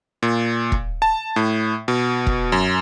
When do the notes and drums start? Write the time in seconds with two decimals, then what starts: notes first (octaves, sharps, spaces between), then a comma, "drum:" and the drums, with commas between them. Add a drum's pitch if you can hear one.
0.23 A#2
0.72 drum: kick E1
1.02 A5
1.36 A2
1.88 B2
2.27 drum: kick E1
2.52 F#2